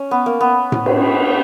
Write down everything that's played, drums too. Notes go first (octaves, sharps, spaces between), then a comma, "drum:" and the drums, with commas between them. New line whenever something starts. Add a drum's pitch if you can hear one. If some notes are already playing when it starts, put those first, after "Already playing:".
Already playing: C#4
B3
A#3
B3
drum: tom A2
drum: cymbal